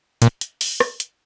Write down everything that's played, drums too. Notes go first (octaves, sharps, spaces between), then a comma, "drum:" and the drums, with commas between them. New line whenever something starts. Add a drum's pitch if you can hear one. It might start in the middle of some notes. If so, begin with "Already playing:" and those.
A#2, drum: hi-hat
drum: hi-hat
drum: open hi-hat
drum: rim click
drum: hi-hat